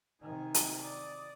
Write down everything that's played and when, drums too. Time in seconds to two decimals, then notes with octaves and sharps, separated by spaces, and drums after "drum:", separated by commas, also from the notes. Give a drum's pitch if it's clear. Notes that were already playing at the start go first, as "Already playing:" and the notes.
0.22 C3 D#3 D#4 G#5
0.54 drum: hi-hat
0.83 D5 D#6